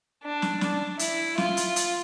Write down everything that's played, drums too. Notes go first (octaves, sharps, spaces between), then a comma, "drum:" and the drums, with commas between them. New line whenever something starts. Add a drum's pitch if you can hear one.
D4
drum: snare
D4, drum: snare
E4, drum: hi-hat
F4, drum: snare
drum: hi-hat
drum: hi-hat